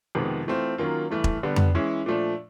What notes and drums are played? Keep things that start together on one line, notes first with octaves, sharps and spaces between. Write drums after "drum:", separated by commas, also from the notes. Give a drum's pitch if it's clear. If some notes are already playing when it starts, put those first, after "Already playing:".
F2 C3 D#3 G#3 B3
E3 A3 C4 F4
D#3 F#3 A#3 C#4 F4
G2 E3 A3
drum: kick E1
D3 G3 B3
drum: tom F2
E3 G#3 C#4 E4
A#2 F3 A3 D4